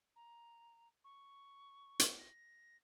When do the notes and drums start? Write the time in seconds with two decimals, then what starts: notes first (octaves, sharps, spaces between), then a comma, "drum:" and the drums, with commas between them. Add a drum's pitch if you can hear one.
0.16 A#5
1.04 C#6
1.99 drum: hi-hat
2.18 A#6